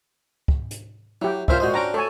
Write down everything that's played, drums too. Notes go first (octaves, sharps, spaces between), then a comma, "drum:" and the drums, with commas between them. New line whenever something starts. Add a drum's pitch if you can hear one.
drum: kick
drum: hi-hat
F#3 E4 G4
C2 C#4 F4 A#4 C5 E5, drum: kick
A#2 G#3 F#4 C5 D#5
C#4 D4 G5 A#5
A3 A4 C#5 G#5